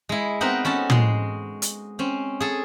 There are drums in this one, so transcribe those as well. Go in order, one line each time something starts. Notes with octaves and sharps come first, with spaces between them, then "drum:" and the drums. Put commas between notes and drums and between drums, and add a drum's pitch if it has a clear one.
G#3 E4
B3 C4 D#4 A#4 B4
C#4 F#4 A4 A5
G#3 C6, drum: tom
drum: hi-hat
C4 C#4
G#4 A4